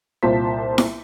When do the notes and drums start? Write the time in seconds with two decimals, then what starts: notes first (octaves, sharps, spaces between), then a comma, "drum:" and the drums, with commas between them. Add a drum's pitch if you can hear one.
0.23 C2 A#2 F4 C5 A5 B6
0.78 drum: snare E4